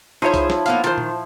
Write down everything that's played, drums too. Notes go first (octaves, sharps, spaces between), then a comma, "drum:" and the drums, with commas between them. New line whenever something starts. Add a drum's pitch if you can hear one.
F3 D#4 E4 G#4 C5 C#5
drum: kick C2, hi-hat
drum: snare
A#3 B3 F5, drum: hi-hat
D#3 F4 C5, drum: hi-hat
drum: tom A#2